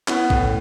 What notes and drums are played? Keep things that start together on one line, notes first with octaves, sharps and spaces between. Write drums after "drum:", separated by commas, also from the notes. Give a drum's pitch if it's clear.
B3 C#4 E4, drum: clap
A2, drum: kick A#1